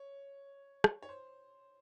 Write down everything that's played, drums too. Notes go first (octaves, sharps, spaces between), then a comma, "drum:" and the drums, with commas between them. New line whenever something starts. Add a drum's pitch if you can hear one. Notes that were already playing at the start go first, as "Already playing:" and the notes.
Already playing: C#5
drum: rim click
C#5
C5